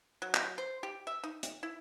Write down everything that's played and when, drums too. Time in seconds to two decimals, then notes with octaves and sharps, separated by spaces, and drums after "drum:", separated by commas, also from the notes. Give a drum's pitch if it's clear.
0.22 F#3
0.35 drum: clap
0.58 C5
0.83 G4
1.07 E5
1.24 D#4
1.43 drum: hi-hat
1.63 E4